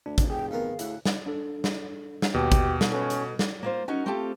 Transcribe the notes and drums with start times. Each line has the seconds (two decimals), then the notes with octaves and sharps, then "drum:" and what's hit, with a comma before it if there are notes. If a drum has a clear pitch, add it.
0.06 D2 D4
0.18 F1, drum: kick, hi-hat
0.30 G#4 G5
0.51 D#3 B3 A#4 F5
0.79 D2 A2 F#5, drum: hi-hat
1.05 drum: snare
1.26 D4 A4
1.64 drum: snare
2.22 drum: snare
2.34 D#2 B2 G4
2.52 drum: kick, hi-hat
2.81 drum: snare
2.92 C#4 A4 B4
3.10 drum: hi-hat
3.39 drum: snare
3.63 A#3 F4 C5
3.88 C#4 D#4 F#4 A#4
4.06 A3 C4 F4 G4 A4